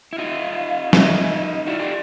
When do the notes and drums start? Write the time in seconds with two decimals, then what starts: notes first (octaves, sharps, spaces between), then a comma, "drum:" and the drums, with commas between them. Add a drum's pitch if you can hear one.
0.13 E4
0.18 D#4 F4 F5
0.30 E5
0.41 F5
0.93 D#4 F4 E5, drum: snare
1.30 D#5
1.67 E4 F#4 D5
1.79 F4 G4